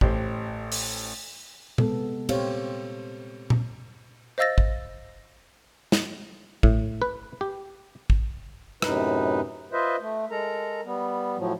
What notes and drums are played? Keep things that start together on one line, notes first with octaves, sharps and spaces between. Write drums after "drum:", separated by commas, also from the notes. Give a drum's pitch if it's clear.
A1 G4 C5, drum: kick
drum: open hi-hat
C3 G#3 B3 A4, drum: tom A#2
A#2 C4 G4 C5 C#5 F5, drum: cymbal
drum: tom A#2
C5 D#5 F5 E6 A6 A#6
drum: kick
drum: snare
A2, drum: kick
B4
G4
drum: kick
F#2 A2 C3 D#4 B4, drum: rim click
F4 B4 C5 D#5 E5
A3
G#3 A4 A#4 A#5
G3 B3
A2 F3 F#3